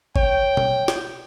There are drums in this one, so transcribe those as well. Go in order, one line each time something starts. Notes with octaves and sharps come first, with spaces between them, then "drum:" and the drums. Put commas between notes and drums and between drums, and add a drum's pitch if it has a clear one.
C#5 G5, drum: kick G1
drum: tom B2
drum: snare